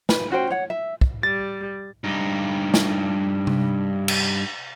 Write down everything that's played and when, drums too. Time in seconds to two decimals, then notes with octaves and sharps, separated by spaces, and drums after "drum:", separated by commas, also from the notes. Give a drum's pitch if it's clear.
0.09 B4, drum: snare
0.30 C#4 F#4 C5 G5
0.50 C#5 F#5
0.70 E5
1.01 drum: kick
1.23 G3 A6
2.04 G2 D#4
2.74 drum: snare
3.47 drum: tom C3
4.08 drum: cymbal